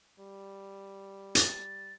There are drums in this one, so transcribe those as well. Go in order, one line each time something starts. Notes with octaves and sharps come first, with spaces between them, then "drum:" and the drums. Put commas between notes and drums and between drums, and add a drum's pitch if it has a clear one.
G3
A6, drum: hi-hat